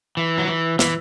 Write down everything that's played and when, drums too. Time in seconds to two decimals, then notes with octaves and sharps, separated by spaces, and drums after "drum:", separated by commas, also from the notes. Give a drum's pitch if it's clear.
0.17 E3
0.38 F#3
0.48 E3
0.79 E3, drum: snare